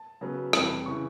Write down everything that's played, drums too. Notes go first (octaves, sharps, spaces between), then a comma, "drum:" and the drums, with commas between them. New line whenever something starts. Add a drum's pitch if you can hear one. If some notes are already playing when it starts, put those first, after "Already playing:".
Already playing: A5
C#3 F#3 B3
F2 C3 E3 G3 B5, drum: rim click
C#3 E3 C#6